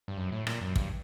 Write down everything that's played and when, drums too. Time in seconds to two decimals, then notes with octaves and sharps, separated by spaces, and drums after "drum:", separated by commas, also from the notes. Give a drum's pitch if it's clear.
0.08 G2
0.17 F#2
0.32 A2
0.47 A#2, drum: rim click
0.61 F#2
0.76 G2, drum: kick